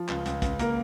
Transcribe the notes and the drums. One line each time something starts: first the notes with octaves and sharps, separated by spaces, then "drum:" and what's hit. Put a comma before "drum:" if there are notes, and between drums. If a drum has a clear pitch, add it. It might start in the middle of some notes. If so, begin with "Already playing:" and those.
Already playing: F3
C#2, drum: clap
C#2, drum: hi-hat
C#2, drum: kick, hi-hat
A#3 A#4, drum: hi-hat